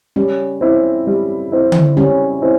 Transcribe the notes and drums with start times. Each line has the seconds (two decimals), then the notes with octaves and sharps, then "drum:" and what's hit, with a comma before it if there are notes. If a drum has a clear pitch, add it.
0.16 G3 C#4
0.61 C4 E4
1.07 G3
1.52 C4 E4
1.72 drum: tom D3
1.96 G3 C#4
2.42 C4 E4